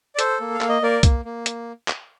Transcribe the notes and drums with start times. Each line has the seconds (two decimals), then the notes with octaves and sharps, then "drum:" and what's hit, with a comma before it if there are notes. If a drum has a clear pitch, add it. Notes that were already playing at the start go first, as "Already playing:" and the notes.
0.15 D5
0.19 A4 C5, drum: hi-hat
0.41 A#3
0.54 F5
0.61 A#3, drum: clap
0.69 D#5
0.82 A#3 A#4 D5
1.03 A#3, drum: kick C2, hi-hat
1.25 A#3
1.46 drum: hi-hat
1.88 drum: clap